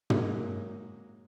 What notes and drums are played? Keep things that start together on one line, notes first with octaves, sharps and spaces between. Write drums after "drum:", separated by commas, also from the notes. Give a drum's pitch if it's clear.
F#3 G#3 A#3, drum: tom